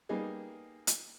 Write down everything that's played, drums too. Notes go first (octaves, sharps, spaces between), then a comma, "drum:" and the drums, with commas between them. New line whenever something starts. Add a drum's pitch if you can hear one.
G3 A#3 B3 D#4 G#4
drum: hi-hat